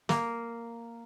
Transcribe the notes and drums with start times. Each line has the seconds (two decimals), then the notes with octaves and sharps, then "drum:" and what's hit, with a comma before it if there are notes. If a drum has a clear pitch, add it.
0.09 A#3, drum: snare